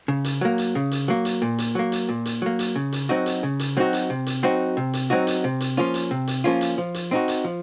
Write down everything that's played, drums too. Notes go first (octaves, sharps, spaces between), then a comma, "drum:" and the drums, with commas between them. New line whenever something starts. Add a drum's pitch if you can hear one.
C#3
drum: hi-hat
F#3 A#3
drum: hi-hat
C#3
drum: hi-hat
F#3 A#3
drum: hi-hat
A#2
drum: hi-hat
F#3 A#3
drum: hi-hat
A#2
drum: hi-hat
F#3 A#3
drum: hi-hat
C#3
drum: hi-hat
F#3 C4 D#4 F#4
drum: hi-hat
C#3
drum: hi-hat
F#3 C4 D#4 F#4
drum: hi-hat
C3
drum: hi-hat
F#3 C4 D#4 F#4
C3
drum: hi-hat
F#3 C4 D#4 F#4
drum: hi-hat
C3
drum: hi-hat
F3 A#3 C#4 F4
drum: hi-hat
C3
drum: hi-hat
F3 A#3 C#4 F4
drum: hi-hat
F3
drum: hi-hat
C4 D#4 F#4
drum: hi-hat
F3